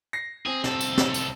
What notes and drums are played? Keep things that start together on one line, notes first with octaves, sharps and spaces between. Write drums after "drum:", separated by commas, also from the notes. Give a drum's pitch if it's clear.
A#6 C7
C4 G#4
C2 A4, drum: snare
drum: tambourine
drum: snare
drum: tambourine